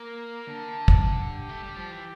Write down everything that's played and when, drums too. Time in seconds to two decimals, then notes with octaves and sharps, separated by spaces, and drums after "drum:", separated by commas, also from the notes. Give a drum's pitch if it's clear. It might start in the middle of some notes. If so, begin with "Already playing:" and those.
Already playing: A#3 A#4
0.47 D3
0.88 drum: kick
1.25 G4
1.49 A3
1.63 G3
1.76 F3
1.91 E3